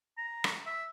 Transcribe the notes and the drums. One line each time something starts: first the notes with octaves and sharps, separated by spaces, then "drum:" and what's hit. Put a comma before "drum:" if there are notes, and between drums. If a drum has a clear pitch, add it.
A#5
drum: rim click
E5